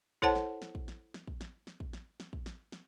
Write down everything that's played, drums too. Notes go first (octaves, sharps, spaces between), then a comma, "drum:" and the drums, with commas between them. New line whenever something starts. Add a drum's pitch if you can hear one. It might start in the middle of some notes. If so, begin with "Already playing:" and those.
E4 A4 C5 C#5 F#5 A5, drum: kick
drum: snare
drum: snare
drum: kick
drum: snare
drum: snare
drum: kick
drum: snare
drum: snare
drum: kick
drum: snare
drum: snare
drum: kick
drum: snare
drum: snare